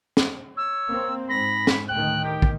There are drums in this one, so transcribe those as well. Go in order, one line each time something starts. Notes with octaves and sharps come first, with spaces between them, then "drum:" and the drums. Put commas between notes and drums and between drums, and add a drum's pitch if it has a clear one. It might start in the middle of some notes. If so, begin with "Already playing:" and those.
drum: snare
C#5 E6
A#3 C4
G#2 B5 A#6
drum: snare
D2 A2 D#3 G5 F#6
G4
drum: kick